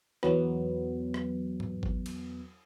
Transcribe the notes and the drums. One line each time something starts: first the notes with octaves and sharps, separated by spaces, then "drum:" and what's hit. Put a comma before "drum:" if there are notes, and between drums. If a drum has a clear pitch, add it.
E2 F#3 B3, drum: rim click
drum: rim click
drum: tom G#2
drum: kick G#1
drum: cymbal